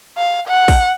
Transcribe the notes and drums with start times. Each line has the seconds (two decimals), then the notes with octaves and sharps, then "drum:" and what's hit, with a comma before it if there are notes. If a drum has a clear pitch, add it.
0.18 F5
0.48 F#5
0.68 drum: kick, open hi-hat